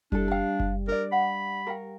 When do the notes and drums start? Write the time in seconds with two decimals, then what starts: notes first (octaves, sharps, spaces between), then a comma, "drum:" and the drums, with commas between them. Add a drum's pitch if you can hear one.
0.12 G3 D4 E4 A4, drum: kick F#1
0.31 F5 G5
0.60 drum: kick F#1
0.88 D4 A#4 D5
1.12 F5 F#5 B5
1.67 G4 A#4 F5 G5